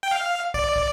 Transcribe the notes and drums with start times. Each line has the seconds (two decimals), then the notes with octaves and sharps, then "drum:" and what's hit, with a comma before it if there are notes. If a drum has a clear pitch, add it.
0.03 G5
0.11 F5
0.54 D5, drum: kick
0.76 drum: kick